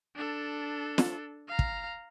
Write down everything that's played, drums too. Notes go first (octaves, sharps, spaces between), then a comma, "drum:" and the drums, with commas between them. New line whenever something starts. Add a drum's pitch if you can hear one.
D4 A4
drum: snare
F5 A#5
drum: kick